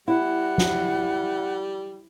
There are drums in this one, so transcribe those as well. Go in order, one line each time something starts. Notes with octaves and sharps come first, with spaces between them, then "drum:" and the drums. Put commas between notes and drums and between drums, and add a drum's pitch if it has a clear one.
G3 E4 F#5
drum: snare